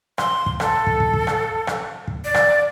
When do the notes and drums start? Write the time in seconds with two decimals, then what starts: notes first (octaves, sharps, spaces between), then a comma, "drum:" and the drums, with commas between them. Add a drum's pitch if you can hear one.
0.18 C6, drum: rim click
0.46 drum: kick
0.60 A4, drum: rim click
0.87 drum: kick
1.00 drum: kick
1.14 drum: kick
1.27 drum: rim click
1.67 drum: rim click
2.08 drum: kick
2.24 D5
2.34 drum: rim click